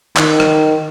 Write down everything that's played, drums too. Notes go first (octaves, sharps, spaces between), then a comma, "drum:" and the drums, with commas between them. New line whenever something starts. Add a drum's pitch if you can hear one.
D#3, drum: clap
drum: rim click